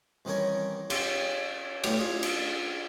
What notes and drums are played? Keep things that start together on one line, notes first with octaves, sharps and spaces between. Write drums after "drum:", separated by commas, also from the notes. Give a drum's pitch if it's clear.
C2 D#3 E3 C#4 A#4 C#5
C#4 F4 G4, drum: cymbal
B2 D3 F#3 A3 G4, drum: cymbal
F4 G#4 D5
drum: cymbal